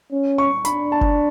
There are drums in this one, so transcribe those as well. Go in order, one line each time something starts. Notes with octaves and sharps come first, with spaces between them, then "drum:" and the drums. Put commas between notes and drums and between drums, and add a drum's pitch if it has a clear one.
C#4
C#6
D4 B5, drum: hi-hat
A5
drum: kick F#1